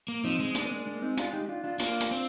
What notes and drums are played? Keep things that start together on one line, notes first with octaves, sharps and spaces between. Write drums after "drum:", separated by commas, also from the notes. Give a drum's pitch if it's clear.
A#3
F3 C4 D#4
G#3
A#3 D4, drum: hi-hat
C4
A#3 D4
A#3 D4
C4 D#4
D4 F4, drum: hi-hat
D#4 G4
D4 F4
D4 F4
A#3 D4 F4, drum: hi-hat
drum: hi-hat
C4